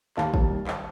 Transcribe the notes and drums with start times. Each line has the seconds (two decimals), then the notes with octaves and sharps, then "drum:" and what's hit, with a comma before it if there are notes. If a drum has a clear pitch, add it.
0.17 D#2 F5 A5, drum: clap
0.34 D#2, drum: kick
0.50 G3
0.67 drum: clap